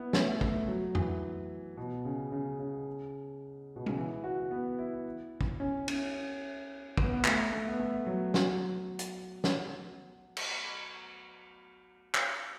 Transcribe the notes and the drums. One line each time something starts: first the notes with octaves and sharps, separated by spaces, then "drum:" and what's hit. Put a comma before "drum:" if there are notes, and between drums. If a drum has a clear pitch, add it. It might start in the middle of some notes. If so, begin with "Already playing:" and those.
Already playing: B3 E4
A3, drum: snare
A3, drum: kick
F#3
E3, drum: tom F2
B2
C#3
C#3
C#3
B2
C#3, drum: tom
E3
F#4
B3
E4
drum: kick
C#4
C#4, drum: cymbal
B3, drum: kick
B3
A3, drum: clap
A3
B3
A3
F#3
F#3, drum: snare
drum: hi-hat
drum: snare
drum: cymbal
drum: clap